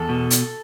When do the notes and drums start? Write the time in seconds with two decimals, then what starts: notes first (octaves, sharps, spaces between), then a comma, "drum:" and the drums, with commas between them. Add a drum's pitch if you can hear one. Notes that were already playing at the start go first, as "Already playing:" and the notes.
Already playing: E2 A4
0.09 B2
0.30 drum: hi-hat